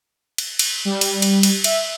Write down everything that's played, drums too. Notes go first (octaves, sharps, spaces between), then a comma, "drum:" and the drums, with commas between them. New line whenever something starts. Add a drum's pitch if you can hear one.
drum: cymbal
drum: cymbal
G3
drum: cymbal
drum: cymbal
drum: cymbal
E5, drum: cymbal